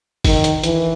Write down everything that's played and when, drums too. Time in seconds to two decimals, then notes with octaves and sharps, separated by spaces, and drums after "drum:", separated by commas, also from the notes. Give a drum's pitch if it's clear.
0.25 D#3, drum: kick F#1, open hi-hat
0.44 drum: hi-hat
0.63 E3, drum: hi-hat